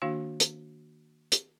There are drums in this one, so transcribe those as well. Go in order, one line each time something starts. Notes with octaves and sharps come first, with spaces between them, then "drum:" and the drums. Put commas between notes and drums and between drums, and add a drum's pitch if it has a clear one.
D#3 A#3 D4 F#4 F5
drum: hi-hat
drum: hi-hat